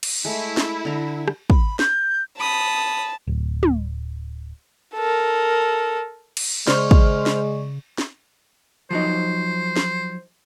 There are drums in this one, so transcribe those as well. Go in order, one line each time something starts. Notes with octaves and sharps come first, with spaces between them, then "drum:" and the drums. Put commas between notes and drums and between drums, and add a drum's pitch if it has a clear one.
drum: cymbal
G#3 A3 E4
drum: snare
D3 A#5
drum: rim click
B5, drum: kick
G6, drum: snare
A5 B5 D#6
D1
drum: tom
A4 A#4
drum: cymbal
C#3 G#3 C5 D5 C#6 F6, drum: snare
drum: kick
drum: snare
drum: snare
F3 F#3 D#4 C5
drum: snare